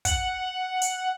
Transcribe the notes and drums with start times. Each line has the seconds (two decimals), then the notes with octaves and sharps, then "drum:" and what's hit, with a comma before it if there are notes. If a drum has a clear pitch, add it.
0.05 F#5, drum: kick, hi-hat
0.82 drum: hi-hat